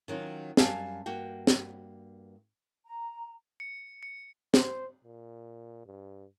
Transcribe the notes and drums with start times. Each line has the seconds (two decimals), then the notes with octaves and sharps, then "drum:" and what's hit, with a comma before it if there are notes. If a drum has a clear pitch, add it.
0.08 D#3 F#3 C#4 F4
0.57 F#2 G3 F5 G#5 A5, drum: snare
1.06 G2 A#3 F#4 G5
1.47 drum: snare
2.85 A#5
3.60 C#7
4.03 C#7
4.54 C5, drum: snare
5.04 A#2
5.85 G2